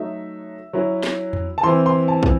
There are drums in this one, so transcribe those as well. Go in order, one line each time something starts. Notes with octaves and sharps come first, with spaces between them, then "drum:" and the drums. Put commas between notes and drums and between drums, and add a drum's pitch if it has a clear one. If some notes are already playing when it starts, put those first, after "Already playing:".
Already playing: F#3 A3 D#4 E5
F#3 C#4 E4
drum: snare
drum: tom E2
A5
E3 C4 E4 C6
C6
A5
drum: kick